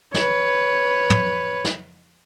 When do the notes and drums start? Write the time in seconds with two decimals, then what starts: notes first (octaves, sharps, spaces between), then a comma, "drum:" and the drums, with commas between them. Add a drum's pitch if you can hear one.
0.14 B4 C#5, drum: snare
1.10 drum: tom
1.64 drum: snare